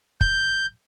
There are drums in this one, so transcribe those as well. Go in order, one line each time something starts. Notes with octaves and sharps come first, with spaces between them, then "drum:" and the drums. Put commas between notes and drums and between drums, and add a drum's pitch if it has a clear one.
G6, drum: kick